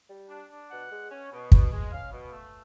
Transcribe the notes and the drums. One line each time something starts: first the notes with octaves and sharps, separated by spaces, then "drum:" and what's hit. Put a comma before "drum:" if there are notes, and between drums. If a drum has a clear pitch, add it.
G3
D4
D4
B2 F#5
G#3
C#4
B2
B2, drum: kick
G#3
C#4 F5
B2
A3